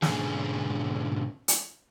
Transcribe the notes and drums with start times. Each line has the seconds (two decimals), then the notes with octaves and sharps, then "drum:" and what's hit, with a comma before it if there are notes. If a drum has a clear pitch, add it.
0.02 G#2 B2 D3 C#4 G#4, drum: snare
1.48 drum: hi-hat